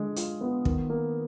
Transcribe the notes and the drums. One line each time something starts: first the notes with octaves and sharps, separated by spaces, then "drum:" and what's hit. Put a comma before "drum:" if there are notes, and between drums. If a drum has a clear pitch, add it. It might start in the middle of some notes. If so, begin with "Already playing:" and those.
Already playing: D3 G#3
F4, drum: hi-hat
B3
D#3, drum: kick
A#3